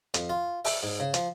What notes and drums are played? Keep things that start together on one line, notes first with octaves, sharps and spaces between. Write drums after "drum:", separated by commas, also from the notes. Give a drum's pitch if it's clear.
F2, drum: hi-hat
F4
E5, drum: open hi-hat
G#2
C#3
F3, drum: hi-hat